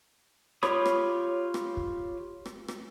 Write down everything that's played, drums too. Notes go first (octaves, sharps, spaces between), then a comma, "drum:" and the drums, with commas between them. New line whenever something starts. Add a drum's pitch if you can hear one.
F4 G4 C#5 B5 D#6, drum: rim click
drum: rim click
drum: rim click
drum: kick
drum: rim click
drum: rim click